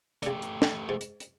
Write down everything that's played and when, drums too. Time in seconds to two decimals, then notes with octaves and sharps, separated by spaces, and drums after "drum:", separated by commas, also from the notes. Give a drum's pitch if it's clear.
0.23 C#3 A3 D4 G4, drum: hi-hat
0.42 drum: hi-hat
0.62 drum: snare
0.89 G#2
1.01 drum: hi-hat
1.20 drum: hi-hat